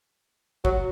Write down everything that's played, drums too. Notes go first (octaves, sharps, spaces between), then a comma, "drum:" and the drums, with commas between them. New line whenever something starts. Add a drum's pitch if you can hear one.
F#3, drum: kick